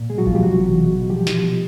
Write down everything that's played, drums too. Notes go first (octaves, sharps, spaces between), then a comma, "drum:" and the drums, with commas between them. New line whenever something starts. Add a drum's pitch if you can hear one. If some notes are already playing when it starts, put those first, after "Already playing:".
Already playing: A#2
B2 G#3 G#4
F#3 F#4
B2 F3 F4, drum: kick G#1
G3 G4
C3 F#3 F#4
E3
B2
B2
F3 G3 G4
F3, drum: snare
B2